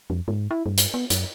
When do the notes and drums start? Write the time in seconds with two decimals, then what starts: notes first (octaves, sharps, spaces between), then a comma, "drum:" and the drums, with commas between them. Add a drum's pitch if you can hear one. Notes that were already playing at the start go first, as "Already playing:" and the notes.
0.10 F2
0.28 G#2
0.51 E4
0.66 G2
0.78 drum: hi-hat
0.94 B3
1.10 F#2, drum: hi-hat